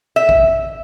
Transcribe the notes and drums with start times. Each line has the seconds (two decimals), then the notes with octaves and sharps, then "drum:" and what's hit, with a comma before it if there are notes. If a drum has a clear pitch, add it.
0.16 E5
0.29 drum: kick